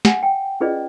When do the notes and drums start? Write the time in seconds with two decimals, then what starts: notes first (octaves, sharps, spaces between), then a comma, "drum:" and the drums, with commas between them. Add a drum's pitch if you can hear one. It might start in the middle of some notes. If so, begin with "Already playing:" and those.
0.05 F#5 G#5, drum: snare
0.23 G5
0.61 C#4 F4 G#4 B4 D5 D#5